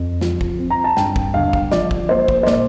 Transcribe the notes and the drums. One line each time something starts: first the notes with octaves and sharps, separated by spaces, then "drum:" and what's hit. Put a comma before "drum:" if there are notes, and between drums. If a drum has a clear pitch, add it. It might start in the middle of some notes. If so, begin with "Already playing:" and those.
Already playing: F2
F3, drum: snare
drum: kick
C4
A#5
A5
G2 G5, drum: snare
drum: kick
G1 F5
drum: kick
F3 D5, drum: snare
drum: kick
A#3 C5
drum: kick
C5
A#2 D5, drum: snare